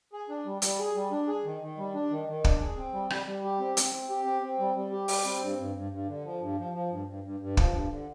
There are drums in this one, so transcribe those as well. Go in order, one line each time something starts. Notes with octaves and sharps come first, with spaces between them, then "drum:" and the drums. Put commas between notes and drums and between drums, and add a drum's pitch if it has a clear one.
G#4
D4
G3
G3, drum: hi-hat
G#4
G3
D4
G#4
D#3
D#3
G3
D4
D#3
D#3
D4, drum: kick
G#4
C4
G3
G3, drum: rim click
G3
G4
C4
C4, drum: hi-hat
C4
G4
C4
C4
G3
G3
G4
G3, drum: open hi-hat
C4
G2
G2
G2
G2
D3
F3
G2
F3
F3
G2
G2
G2
G2
F3, drum: kick
G2
D3